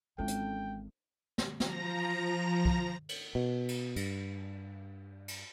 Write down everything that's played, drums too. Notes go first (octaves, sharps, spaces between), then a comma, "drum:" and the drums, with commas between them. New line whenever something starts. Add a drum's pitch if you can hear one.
G#1 E3 G#3 C#4 A4 G5
drum: hi-hat
drum: snare
F3 A#5 A#6, drum: snare
drum: kick
drum: cymbal
B2
drum: cymbal
G2, drum: cymbal
drum: cymbal